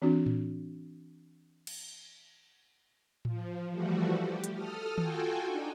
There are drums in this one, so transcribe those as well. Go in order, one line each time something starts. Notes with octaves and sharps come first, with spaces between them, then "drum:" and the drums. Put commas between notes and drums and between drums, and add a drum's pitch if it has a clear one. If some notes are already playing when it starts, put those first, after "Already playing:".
E3 C4 D4 F#4
drum: tom A2
drum: cymbal
F3, drum: tom A2
E3 F3 G3 A3 F#4
G4
drum: hi-hat
A4 D#6 F6
F4 F#4 A4 G5 G#5, drum: tom D#3
D4 D#4